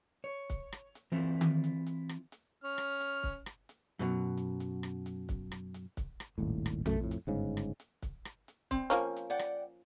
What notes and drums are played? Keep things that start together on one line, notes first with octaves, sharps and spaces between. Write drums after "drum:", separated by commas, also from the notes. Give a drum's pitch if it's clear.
C#5
drum: kick, hi-hat
drum: rim click
drum: hi-hat
E3 C4 E4 F4
drum: tom D#3
drum: hi-hat
drum: hi-hat
drum: rim click
drum: hi-hat
C#4 F6
drum: rim click
drum: hi-hat
drum: kick
drum: rim click
drum: hi-hat
F#2 B2 D#3 F#3
drum: hi-hat
drum: hi-hat
drum: rim click
drum: hi-hat
drum: kick, hi-hat
drum: rim click
drum: hi-hat
drum: kick, hi-hat
drum: rim click
D#1 G#1 A2
drum: rim click
F#2 A3, drum: tom A#1
F2 A2
drum: hi-hat
G1 G#2 C#3
drum: rim click
drum: hi-hat
drum: kick, hi-hat
drum: rim click
drum: hi-hat
C4, drum: kick
F3 A#3 C#4
drum: hi-hat
D5 F#5 G5
drum: rim click